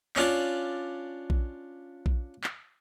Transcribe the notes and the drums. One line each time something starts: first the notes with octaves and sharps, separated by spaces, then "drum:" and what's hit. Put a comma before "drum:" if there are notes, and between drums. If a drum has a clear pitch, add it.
C#4 D4 F4 D5, drum: clap
drum: kick A#1
drum: kick A#1
drum: clap